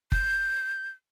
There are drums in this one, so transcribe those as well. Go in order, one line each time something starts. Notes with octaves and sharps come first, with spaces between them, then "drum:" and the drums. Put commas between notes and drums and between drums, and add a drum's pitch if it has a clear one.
G6, drum: kick